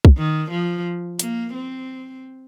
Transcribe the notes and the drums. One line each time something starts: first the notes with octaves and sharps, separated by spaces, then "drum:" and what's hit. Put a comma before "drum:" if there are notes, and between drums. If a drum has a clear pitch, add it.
drum: kick
D#3
F3
A#3, drum: hi-hat
C4